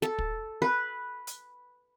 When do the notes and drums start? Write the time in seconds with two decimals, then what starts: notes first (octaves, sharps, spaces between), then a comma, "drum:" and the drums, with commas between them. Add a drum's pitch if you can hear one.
0.02 A4, drum: snare
0.18 drum: kick
0.62 B4
1.27 drum: hi-hat